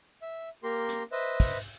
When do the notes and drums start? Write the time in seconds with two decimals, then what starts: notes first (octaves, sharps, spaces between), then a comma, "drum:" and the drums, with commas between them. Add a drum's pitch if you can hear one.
0.22 E5
0.63 A#3 G4 A#4 C6
0.89 drum: hi-hat
1.12 B4 C5 D#5 E5
1.40 drum: kick, open hi-hat